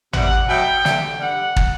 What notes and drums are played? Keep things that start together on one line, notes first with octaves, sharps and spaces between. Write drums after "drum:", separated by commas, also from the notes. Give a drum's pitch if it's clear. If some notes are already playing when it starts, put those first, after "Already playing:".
C3 E3 G3 F#5, drum: tom
B2 F#3 A3 G5
G2 D3 A3, drum: snare
G2 D3 G3 F#5
drum: kick